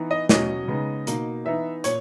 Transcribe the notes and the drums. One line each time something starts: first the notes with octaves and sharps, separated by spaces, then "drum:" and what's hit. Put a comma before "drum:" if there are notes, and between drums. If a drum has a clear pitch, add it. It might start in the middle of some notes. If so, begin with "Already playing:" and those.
Already playing: E3 B3 D#4
D#5
B2 F#3 C#4 D#5, drum: snare
C#3 G#3 B3 D#4
B2 A#3 D#4, drum: hi-hat
E3 B3 D#4 E5
A#2 C#5, drum: hi-hat